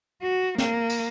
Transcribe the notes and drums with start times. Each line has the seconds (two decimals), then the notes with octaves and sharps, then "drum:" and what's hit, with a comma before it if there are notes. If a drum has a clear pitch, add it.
0.23 F#4
0.58 A#3, drum: snare
0.89 drum: cymbal